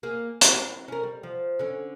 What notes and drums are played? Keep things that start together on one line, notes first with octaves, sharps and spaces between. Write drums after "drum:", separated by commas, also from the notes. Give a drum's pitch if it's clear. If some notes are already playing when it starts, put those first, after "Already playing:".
A#3 G#4
E4, drum: hi-hat
C#4 A#4
G3
F3
D3 C#4